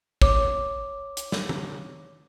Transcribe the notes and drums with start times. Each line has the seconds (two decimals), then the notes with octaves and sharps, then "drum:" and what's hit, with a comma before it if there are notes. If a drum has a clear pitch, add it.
0.22 C#5 D6, drum: kick
1.17 drum: hi-hat
1.32 drum: snare
1.49 drum: tom D#3